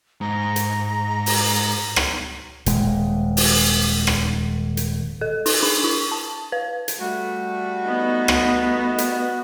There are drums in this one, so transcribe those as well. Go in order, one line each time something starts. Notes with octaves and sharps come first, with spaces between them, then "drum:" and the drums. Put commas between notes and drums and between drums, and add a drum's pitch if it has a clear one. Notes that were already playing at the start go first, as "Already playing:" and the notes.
G#2 A#5
drum: hi-hat
drum: open hi-hat
drum: rim click
D#1 D#2 G#3, drum: hi-hat
drum: open hi-hat
drum: rim click
drum: hi-hat
A4
D#4, drum: open hi-hat
D4
E4
A5
B4
drum: hi-hat
G3 A3 F#4
B3 D#4
drum: rim click
drum: hi-hat